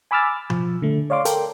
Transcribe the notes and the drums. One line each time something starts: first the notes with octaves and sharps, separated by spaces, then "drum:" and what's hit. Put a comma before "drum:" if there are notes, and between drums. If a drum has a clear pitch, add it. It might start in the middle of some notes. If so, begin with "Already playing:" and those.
G#5 B5 D6 E6 F6 A6
F3, drum: tom B2
D3 A3
C#5 D5 F5 C6 D6
A4 A#4 G5, drum: hi-hat